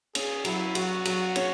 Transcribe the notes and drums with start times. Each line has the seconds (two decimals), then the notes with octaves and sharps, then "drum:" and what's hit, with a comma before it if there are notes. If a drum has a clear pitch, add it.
0.15 C#4 G#4, drum: cymbal
0.45 F#3 E4, drum: cymbal
0.75 F#3 F#4, drum: cymbal
1.05 F#3, drum: cymbal
1.36 C#4, drum: cymbal